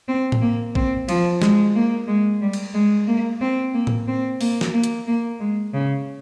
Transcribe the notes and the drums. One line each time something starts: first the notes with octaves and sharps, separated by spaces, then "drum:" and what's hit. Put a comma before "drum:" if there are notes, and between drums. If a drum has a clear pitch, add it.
C4
drum: tom A2
A#3
C4, drum: kick
F3, drum: cymbal
G#3, drum: snare
A#3
G#3
G3
drum: cymbal
G#3
A#3
C4
A#3
drum: tom A2
C4
A#3, drum: open hi-hat
drum: snare
A#3
drum: hi-hat
A#3
G#3
C#3